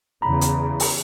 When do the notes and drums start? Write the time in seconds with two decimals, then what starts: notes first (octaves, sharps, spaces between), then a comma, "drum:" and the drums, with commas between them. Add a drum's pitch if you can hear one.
0.22 E2 C#3 A#5 B5
0.41 drum: hi-hat
0.80 drum: open hi-hat